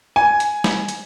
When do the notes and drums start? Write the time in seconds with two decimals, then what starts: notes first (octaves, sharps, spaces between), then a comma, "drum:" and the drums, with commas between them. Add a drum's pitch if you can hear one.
0.16 G#5
0.40 drum: hi-hat
0.64 drum: snare
0.89 drum: hi-hat